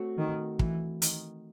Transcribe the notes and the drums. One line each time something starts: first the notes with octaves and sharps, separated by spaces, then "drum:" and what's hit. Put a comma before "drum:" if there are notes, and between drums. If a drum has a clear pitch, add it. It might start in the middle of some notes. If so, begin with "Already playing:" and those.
Already playing: A3 C4 F#4 C#5
D#3
E3, drum: kick
D#3, drum: hi-hat